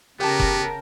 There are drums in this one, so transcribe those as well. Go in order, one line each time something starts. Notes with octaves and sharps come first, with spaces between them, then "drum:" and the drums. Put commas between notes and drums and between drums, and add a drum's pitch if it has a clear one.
C#3 B3 G4 A#4 G5 A5
drum: kick F1